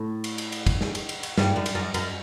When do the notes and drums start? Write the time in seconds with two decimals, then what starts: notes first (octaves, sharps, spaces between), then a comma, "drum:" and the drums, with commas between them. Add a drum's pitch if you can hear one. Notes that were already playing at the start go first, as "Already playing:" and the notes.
Already playing: A2
0.24 drum: cymbal
0.38 drum: cymbal
0.52 drum: cymbal
0.66 drum: kick, cymbal
0.81 drum: snare
0.95 drum: cymbal
1.09 drum: cymbal
1.23 drum: cymbal
1.38 G2, drum: snare
1.56 F#2
1.66 drum: cymbal
1.75 F#2
1.94 F#2, drum: cymbal